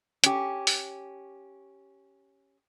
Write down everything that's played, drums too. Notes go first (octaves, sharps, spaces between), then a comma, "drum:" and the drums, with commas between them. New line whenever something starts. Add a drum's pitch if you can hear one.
C#4 G4, drum: hi-hat
drum: open hi-hat